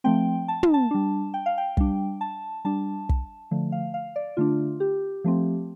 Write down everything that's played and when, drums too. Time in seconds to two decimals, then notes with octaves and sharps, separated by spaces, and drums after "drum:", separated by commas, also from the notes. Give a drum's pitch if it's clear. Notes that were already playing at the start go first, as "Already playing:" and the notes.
0.04 F3 A3 C4 G5
0.48 A5
0.63 drum: tom
0.74 A5
0.91 G3 D4
1.34 G5
1.46 F5
1.58 G5
1.77 G3 D4, drum: kick
2.21 A5
2.65 G3 D4 A5
3.09 drum: kick
3.51 D3 F3 A3
3.72 F5
3.94 F5
4.16 D5
4.37 D3 A3 D4 F4
4.80 G4
5.24 F3 A3 C4